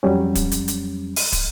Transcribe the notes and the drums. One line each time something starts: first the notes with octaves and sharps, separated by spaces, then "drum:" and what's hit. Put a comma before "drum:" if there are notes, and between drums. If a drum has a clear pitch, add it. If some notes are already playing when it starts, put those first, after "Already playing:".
F2 F#3 G3 C#4
drum: kick, hi-hat
drum: hi-hat
drum: hi-hat
drum: open hi-hat
drum: kick, hi-hat